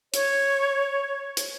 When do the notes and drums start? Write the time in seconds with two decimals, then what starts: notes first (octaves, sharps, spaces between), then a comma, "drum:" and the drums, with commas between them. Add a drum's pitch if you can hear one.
0.14 C#5, drum: hi-hat
1.37 drum: hi-hat